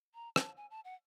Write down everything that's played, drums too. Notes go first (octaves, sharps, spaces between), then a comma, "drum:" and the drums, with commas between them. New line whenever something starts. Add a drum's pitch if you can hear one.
A#5
A5, drum: rim click
G#5
A5
F#5